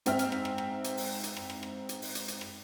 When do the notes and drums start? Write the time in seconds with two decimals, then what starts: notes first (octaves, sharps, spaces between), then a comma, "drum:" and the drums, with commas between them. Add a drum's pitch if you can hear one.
0.06 G#2 C4 E5 F6, drum: hi-hat
0.19 drum: hi-hat
0.32 drum: rim click
0.45 drum: rim click
0.58 drum: rim click
0.84 drum: hi-hat
0.97 drum: open hi-hat
1.24 drum: hi-hat
1.37 drum: rim click
1.50 drum: rim click
1.63 drum: rim click
1.89 drum: hi-hat
2.02 drum: open hi-hat
2.15 drum: hi-hat
2.28 drum: hi-hat
2.41 drum: rim click